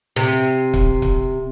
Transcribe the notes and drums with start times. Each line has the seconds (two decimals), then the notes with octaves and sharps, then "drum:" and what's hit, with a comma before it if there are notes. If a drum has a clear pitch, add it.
0.16 C3
0.74 drum: kick
1.02 drum: kick